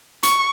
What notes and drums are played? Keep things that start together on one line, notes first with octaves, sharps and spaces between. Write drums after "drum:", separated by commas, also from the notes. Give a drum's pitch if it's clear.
C#6, drum: hi-hat